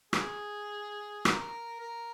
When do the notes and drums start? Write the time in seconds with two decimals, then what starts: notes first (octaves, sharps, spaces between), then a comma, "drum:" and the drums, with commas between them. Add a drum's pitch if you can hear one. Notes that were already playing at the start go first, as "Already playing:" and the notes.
0.13 G#4, drum: rim click
1.25 A#4, drum: rim click
1.81 A#4